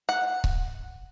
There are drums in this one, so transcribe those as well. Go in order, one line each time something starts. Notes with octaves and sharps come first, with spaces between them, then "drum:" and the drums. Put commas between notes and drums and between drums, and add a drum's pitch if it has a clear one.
F#5
drum: kick C#1